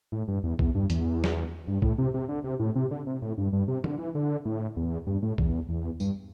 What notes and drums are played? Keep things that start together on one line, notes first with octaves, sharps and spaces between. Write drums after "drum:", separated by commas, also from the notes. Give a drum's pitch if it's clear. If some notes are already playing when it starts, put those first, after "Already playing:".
A2
G2
E2
E2, drum: kick
G2
E2, drum: hi-hat
drum: snare
G2
A2, drum: kick
C3
C3
D3
C3
A2
C3
D3
C3
A2
G2
G2
C3
D3, drum: tom
E3
D3
A2
E2
G2
A2
E2, drum: kick
E2
G2, drum: tambourine